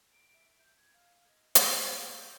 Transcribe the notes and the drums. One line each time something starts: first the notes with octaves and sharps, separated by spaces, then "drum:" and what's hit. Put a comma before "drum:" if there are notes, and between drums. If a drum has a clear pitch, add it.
D7
E5
G6
G#6
F5
D#5
A#6, drum: hi-hat
E5
G6